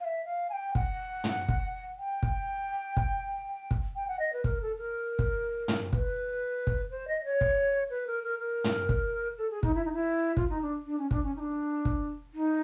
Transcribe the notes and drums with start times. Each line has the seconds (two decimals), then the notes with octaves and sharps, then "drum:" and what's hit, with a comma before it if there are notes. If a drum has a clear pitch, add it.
0.01 F5
0.05 E5
0.25 F5
0.50 G#5
0.53 G5
0.75 F#5, drum: kick
1.24 drum: tom
1.49 drum: kick
1.98 G5
2.23 drum: kick
2.97 drum: kick
3.71 drum: kick
3.96 G5
4.08 F#5
4.19 D#5
4.33 B4
4.44 A#4, drum: kick
4.62 A4
4.78 A#4
5.19 drum: kick
5.68 drum: tom
5.93 B4, drum: kick
6.67 drum: kick
6.91 C5
7.08 D#5
7.24 C#5
7.41 drum: kick
7.90 B4
8.07 A#4
8.24 A#4
8.39 A#4
8.64 drum: tom
8.89 drum: kick
9.38 A4
9.51 G#4
9.63 D#4, drum: kick
9.75 E4
9.85 D#4
9.93 E4
10.37 F4, drum: kick
10.50 D#4
10.62 D4
10.87 D4
10.99 C#4
11.11 D4, drum: kick
11.24 C#4
11.36 D#4
11.40 D4
11.85 drum: kick
12.34 D#4